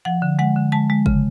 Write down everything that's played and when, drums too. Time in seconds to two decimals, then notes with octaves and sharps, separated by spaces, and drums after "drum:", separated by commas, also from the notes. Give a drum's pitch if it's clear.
0.05 F3 F#5
0.22 D3
0.39 G#3 F#5
0.56 D3
0.72 G#3 A5
0.90 G#3
1.06 C#3, drum: kick